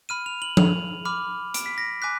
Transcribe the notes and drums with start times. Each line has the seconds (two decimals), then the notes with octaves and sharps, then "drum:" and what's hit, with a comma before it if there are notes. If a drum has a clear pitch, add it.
0.09 B5 F6 D#7
0.26 F7
0.42 F#7
0.57 F7, drum: tom F3
1.05 B5 D6 F6
1.54 D7, drum: hi-hat
1.66 B6
1.78 A#6
2.02 G#5 D6 F#6 B6